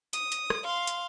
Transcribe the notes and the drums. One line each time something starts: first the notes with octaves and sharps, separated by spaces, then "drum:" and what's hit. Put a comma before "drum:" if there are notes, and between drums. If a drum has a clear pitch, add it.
D#6, drum: hi-hat
drum: hi-hat
drum: rim click
F5 C6
drum: hi-hat